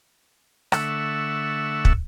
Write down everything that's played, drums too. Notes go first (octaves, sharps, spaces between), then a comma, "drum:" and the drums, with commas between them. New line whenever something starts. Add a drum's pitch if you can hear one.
D3 A3 E5 F#5 C#6 E6, drum: rim click
drum: kick